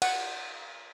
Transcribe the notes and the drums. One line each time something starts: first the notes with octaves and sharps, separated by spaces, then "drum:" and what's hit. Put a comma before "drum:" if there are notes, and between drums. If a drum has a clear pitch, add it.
F#5, drum: cymbal